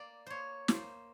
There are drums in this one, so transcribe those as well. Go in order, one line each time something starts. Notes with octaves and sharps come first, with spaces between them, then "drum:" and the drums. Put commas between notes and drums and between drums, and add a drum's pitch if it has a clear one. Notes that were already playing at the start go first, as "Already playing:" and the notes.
Already playing: A#3 D5
A#3 C5 C#5
A#3 C5, drum: snare